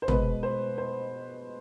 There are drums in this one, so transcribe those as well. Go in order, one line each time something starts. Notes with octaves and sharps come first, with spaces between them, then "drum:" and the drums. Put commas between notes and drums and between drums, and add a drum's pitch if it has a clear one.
C5
B2 G#3 B3 B4, drum: tom
C5
C5